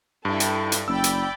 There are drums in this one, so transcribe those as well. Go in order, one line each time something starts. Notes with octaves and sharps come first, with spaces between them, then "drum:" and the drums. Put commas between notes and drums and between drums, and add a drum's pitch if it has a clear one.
G2 E4 A4 G5
drum: hi-hat
drum: hi-hat
F#1 D5 G5 B5 E6
drum: hi-hat